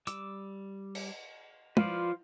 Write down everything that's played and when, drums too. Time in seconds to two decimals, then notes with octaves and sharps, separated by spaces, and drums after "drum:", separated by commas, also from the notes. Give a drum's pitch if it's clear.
0.07 G3 D6 E6, drum: hi-hat
0.95 drum: cymbal
1.77 F3 F4 B4 C5 D5, drum: tom